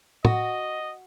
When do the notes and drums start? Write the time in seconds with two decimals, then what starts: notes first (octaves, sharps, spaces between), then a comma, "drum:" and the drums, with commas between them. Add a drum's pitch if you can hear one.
0.25 F#4 D#5, drum: tom